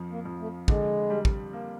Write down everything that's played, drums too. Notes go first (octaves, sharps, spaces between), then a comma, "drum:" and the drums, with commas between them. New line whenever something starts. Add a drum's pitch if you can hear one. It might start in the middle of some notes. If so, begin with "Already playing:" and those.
Already playing: F2 F3
A#3
F2
A3
D3 G#3, drum: kick
G3
drum: kick
A#3